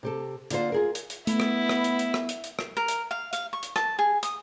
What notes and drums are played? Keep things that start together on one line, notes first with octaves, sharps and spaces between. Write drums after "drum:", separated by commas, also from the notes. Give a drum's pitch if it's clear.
C3 G4 A4
D3 A#3 F4 C5, drum: hi-hat
F4 G#4 A#4
drum: hi-hat
drum: hi-hat
A3 B3 E4, drum: hi-hat
drum: rim click
drum: rim click
drum: hi-hat
drum: hi-hat
drum: rim click
drum: hi-hat
drum: hi-hat
drum: rim click
A#4
drum: hi-hat
F5
F5, drum: hi-hat
C#6
drum: hi-hat
A5, drum: rim click
G#4
D#6, drum: hi-hat